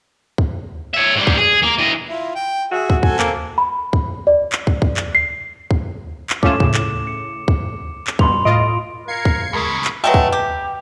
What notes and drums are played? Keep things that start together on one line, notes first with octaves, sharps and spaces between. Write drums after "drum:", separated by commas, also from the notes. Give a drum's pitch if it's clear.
drum: kick
C#5 E5
G#2 G3
drum: kick
G#4
A#3
E3 D#5
E4 F4
G5
F#4 G#4 E5
drum: kick
C4 A4 G#5, drum: kick
A#3, drum: clap
B5
drum: kick
D5
drum: clap
drum: kick
drum: kick
drum: clap
C7
drum: kick
drum: clap
A3 C#4 F4 D6 E7, drum: kick
A2 C#3, drum: kick
drum: clap
C#7
drum: kick
drum: clap
G2 B2 B5 C6 F7, drum: kick
A2 F4 D#5 D7
F4 A#4 G#6 C7 C#7
drum: kick
E2 C#3 G#3 A#4 B5
drum: clap
F#3 G#3 A3 B4 G5
drum: kick
G4